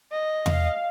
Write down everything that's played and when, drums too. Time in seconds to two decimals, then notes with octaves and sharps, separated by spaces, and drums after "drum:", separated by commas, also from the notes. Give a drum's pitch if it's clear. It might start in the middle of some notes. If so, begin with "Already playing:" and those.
0.12 D#5
0.46 F5, drum: tom E2